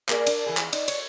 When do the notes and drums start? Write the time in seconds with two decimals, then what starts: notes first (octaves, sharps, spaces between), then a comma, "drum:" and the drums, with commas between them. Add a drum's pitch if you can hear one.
0.09 A#3 G#4 A#4 D5, drum: clap
0.27 D4, drum: cymbal
0.46 E3 G#4
0.57 drum: clap
0.73 D#4 D5, drum: cymbal
0.88 C#5, drum: cymbal